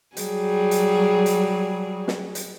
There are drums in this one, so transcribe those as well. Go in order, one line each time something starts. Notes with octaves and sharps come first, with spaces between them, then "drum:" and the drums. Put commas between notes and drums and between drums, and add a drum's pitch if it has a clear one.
F#3 G3 G#4, drum: hi-hat
drum: hi-hat
drum: hi-hat
drum: snare
drum: hi-hat